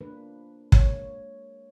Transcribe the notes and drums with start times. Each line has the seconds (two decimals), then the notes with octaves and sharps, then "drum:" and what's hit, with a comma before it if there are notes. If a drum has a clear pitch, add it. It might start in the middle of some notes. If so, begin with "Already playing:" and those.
0.01 F3 A#3 D4 B4
0.72 G#3 A#3 C#5, drum: kick